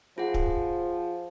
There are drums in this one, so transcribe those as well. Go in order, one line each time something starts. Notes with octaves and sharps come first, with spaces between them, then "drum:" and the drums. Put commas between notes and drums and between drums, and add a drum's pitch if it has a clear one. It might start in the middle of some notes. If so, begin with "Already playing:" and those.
F3 F4 G#4 F#5
drum: kick